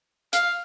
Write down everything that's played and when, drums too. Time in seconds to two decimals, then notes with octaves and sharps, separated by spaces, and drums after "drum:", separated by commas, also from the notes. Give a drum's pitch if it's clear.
0.33 F5, drum: hi-hat